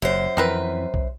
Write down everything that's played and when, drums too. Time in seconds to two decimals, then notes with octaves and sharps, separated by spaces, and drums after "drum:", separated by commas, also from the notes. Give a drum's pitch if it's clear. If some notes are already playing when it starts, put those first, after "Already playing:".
0.02 F#1 F#2 C5
0.37 F2 E3 C4 A#4 B4
0.94 drum: kick B1